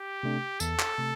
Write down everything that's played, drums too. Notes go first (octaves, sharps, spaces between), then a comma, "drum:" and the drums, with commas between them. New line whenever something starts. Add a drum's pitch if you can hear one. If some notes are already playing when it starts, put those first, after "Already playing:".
Already playing: G4
C3 A3 D4
E2 A4, drum: tambourine
drum: clap
C3 A3